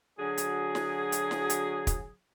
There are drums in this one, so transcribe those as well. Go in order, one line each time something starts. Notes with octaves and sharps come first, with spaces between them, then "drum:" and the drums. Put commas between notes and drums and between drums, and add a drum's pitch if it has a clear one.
D3 F#3 F#4 G#4
drum: hi-hat
drum: snare
drum: hi-hat
drum: snare
drum: hi-hat
drum: kick, hi-hat